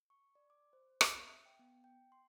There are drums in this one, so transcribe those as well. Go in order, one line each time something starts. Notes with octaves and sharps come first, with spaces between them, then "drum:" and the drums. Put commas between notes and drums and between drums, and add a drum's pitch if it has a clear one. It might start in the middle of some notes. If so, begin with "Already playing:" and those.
C#6
D5
D6
C5
drum: rim click
E5
G5
B3
G5
C6